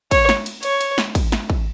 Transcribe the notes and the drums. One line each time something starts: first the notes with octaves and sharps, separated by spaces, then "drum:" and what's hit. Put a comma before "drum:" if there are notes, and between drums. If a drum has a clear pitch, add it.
C#5, drum: kick, cymbal
drum: snare
drum: cymbal
C#5, drum: cymbal
drum: cymbal
drum: snare
drum: kick, cymbal
drum: snare
drum: kick